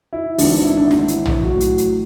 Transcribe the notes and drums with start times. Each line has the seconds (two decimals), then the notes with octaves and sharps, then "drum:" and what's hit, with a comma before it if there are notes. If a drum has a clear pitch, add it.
0.13 E4
0.38 G#1 G#2 E3 D4, drum: open hi-hat
0.51 D4
0.64 E4
0.77 D4
0.91 E4, drum: snare
1.08 drum: hi-hat
1.26 drum: tom
1.43 A1 A2 F#3 F#4
1.60 drum: hi-hat
1.78 drum: hi-hat